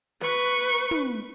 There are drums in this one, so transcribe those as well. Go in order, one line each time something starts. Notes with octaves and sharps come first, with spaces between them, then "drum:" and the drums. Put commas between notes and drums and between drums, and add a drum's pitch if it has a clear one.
B4 C#6, drum: snare
drum: tom